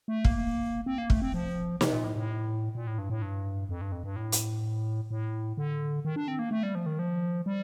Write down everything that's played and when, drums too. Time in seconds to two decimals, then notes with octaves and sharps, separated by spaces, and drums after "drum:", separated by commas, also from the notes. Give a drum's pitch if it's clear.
0.08 A3
0.25 A#3, drum: kick
0.86 C4
0.98 A#3
1.10 A3, drum: kick
1.22 C4
1.34 F3
1.81 C3, drum: snare
1.93 A#2
2.04 A2
2.16 A2
2.75 A#2
2.87 A2
2.98 G2
3.10 A2
3.22 G2
3.69 F2
3.81 G2
3.92 F2
4.04 G2
4.16 A2
4.32 drum: hi-hat
5.11 A2
5.57 D3
6.05 D#3
6.16 D4
6.28 C4
6.39 A#3
6.51 A3
6.63 G3
6.75 F3
6.86 D#3
6.99 F3
7.46 G3